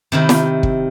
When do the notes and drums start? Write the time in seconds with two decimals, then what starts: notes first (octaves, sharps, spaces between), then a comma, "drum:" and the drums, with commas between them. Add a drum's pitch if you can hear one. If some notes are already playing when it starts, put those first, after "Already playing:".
0.12 C3 D#3 E4
0.29 drum: snare
0.63 drum: kick